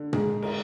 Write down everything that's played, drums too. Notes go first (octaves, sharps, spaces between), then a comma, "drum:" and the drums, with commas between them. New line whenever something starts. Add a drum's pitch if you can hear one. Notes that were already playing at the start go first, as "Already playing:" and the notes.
Already playing: D3
G#2 G#4, drum: tom A#2
A#4, drum: cymbal